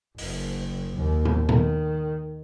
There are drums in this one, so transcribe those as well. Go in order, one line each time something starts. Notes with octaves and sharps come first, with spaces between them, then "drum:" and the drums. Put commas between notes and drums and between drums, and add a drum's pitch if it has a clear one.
F#1, drum: open hi-hat
D#2
drum: tom
D#3, drum: tom A#2